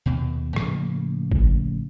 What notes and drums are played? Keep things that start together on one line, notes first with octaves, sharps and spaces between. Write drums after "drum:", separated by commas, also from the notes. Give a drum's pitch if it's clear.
D#2 B2
A2 C#3 F3 A#3, drum: rim click
drum: kick